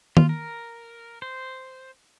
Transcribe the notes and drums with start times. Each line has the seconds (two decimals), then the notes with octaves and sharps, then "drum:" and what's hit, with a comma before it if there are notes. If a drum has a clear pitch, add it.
0.17 F4, drum: tom D#3
0.29 A#4
1.22 C5